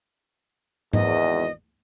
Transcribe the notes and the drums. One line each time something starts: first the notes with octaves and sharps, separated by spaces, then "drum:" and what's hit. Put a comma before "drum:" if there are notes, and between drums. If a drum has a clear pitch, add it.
G#1 E2 D#5, drum: tom G#2